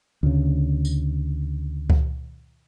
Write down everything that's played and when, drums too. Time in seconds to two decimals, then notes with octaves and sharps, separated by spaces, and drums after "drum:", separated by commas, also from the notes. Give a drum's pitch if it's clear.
0.23 D2 C#3
0.85 drum: tambourine
1.90 drum: kick C#2